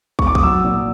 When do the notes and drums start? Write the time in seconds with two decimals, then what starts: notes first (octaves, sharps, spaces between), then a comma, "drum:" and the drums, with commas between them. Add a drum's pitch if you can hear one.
0.19 C#6, drum: kick
0.27 D6
0.35 D#6, drum: kick
0.43 F#3 E6
0.64 A#2